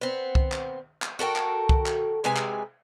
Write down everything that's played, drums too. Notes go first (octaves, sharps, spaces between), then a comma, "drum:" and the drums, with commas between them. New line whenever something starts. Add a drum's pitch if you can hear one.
B3 C4
drum: kick C2
drum: clap
drum: clap
F#4 A4 A#4 G5
drum: clap
drum: kick C2
drum: clap
C3 G#3 B4 G#5
drum: clap